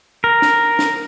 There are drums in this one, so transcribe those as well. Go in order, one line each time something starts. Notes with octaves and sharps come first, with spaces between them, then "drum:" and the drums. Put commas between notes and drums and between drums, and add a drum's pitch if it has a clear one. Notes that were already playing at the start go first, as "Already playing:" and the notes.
A#4
drum: snare
drum: snare